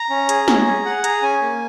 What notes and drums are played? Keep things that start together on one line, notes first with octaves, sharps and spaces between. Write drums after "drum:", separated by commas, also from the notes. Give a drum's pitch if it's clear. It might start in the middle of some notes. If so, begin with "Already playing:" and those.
Already playing: A#5
C#4
G#4, drum: hi-hat
C#4, drum: snare
G#4
G#4 F#5
G#4 A#5, drum: hi-hat
C#4 G#5
A#3